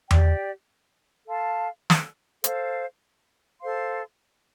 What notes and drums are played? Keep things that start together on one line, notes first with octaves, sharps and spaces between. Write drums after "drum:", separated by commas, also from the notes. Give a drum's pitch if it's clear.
G4 D5 G5, drum: tom E2
A4 F5 A5 C6
drum: snare
A4 C5 F5, drum: hi-hat
A4 C5 F5 C6